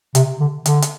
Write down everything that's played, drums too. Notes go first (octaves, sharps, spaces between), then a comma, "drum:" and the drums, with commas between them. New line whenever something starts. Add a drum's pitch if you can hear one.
C3, drum: hi-hat
D3
D3, drum: hi-hat
drum: hi-hat